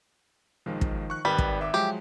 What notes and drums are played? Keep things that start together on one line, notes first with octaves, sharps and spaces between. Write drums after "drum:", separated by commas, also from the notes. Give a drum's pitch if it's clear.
B1 D#3 F3 G#3
drum: kick
C#6 F#6
G#1 D#3 G3 B4 B6
drum: kick
E5 D6
F3 F#3 G#3 G4